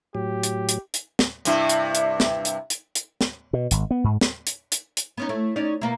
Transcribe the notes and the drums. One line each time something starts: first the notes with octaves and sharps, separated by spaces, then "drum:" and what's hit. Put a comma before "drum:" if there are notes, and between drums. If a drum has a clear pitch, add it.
A2 F#3 G4
drum: hi-hat
drum: hi-hat
drum: hi-hat
drum: snare
G2 C3 E4, drum: hi-hat
drum: hi-hat
drum: hi-hat
drum: snare
drum: hi-hat
drum: hi-hat
drum: hi-hat
drum: snare
B2
G#1, drum: hi-hat
B3
G#2
drum: snare
drum: hi-hat
drum: hi-hat
drum: hi-hat
B3 C#4 D#4
A3 E4
C#4 D#4 D5
B2 A#3 E4